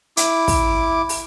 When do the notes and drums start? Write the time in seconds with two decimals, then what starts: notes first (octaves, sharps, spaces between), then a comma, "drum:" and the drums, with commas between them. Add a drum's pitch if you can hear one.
0.17 E4 D6, drum: hi-hat
0.48 drum: kick, open hi-hat
1.09 drum: open hi-hat